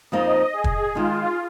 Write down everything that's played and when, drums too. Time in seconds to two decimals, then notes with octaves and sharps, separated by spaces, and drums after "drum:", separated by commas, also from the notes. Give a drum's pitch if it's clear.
0.12 F2 F3 A#3 D#4 D#5
0.53 G#4
0.64 drum: kick
0.95 D#3 G#3 D#4 F4 G#4